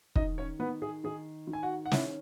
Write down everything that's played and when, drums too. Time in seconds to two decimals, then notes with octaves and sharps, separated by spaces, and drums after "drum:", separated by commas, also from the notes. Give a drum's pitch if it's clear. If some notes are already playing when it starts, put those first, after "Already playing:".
0.16 D#3 D#4 D#5, drum: kick
0.38 C#4 C#5
0.59 D#3 B3 B4
0.82 G#4
1.04 D#3 G#4
1.47 D#3
1.53 G#5
1.63 F#4 F#5
1.86 F#5
1.92 C#4 E4 E5, drum: snare